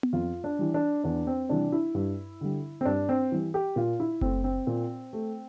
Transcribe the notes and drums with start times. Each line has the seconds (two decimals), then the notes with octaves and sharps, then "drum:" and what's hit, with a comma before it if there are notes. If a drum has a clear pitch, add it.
0.03 drum: tom B3
0.13 F2 F4
0.44 D4
0.59 E3 G3
0.74 D4
1.04 E2 D4
1.27 C4
1.49 C3 E3 G3 D4
1.72 E4
1.95 G2
2.41 D3 G3
2.81 C4
2.85 G2 D4
3.09 C4
3.32 E3 G3
3.54 G4
3.76 A#2 F4
4.00 E4
4.21 A3 C4, drum: kick F#1
4.44 C4
4.67 A#2
5.13 A3